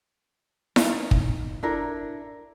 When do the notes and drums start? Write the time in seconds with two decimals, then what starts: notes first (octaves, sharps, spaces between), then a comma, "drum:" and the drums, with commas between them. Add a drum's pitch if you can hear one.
0.76 D#4, drum: snare E4
1.11 drum: kick
1.63 D4 E4 A4 A#4